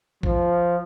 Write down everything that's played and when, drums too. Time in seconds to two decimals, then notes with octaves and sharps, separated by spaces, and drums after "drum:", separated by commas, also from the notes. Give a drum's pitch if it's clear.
0.23 F3, drum: kick A#1